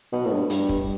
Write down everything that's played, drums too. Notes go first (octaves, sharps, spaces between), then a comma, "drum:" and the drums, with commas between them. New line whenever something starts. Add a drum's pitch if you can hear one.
B2
A2
G2
G2, drum: hi-hat
drum: kick